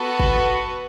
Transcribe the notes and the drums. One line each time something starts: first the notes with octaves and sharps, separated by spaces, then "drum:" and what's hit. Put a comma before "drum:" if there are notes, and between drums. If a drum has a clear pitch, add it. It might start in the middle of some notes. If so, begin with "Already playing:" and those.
Already playing: B3 F#4 A4 B4
drum: kick